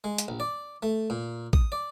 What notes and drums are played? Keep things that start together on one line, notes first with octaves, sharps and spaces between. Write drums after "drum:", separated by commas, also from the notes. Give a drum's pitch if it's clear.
G#3
drum: hi-hat
A#1
D5
A3
A#2
D#6, drum: kick
D5